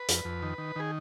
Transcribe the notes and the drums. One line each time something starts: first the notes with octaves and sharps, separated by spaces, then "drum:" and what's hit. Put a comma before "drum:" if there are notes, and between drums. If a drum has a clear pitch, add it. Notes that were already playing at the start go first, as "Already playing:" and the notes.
Already playing: B4
F2, drum: hi-hat
F2
D#3
D#3
D#3 G#4